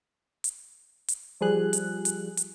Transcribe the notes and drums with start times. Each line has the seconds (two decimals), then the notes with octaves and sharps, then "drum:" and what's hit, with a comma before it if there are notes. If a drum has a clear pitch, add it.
0.44 drum: hi-hat
1.08 drum: hi-hat
1.41 F3 G3 G#4 F#6
1.73 drum: hi-hat
2.05 drum: hi-hat
2.37 drum: hi-hat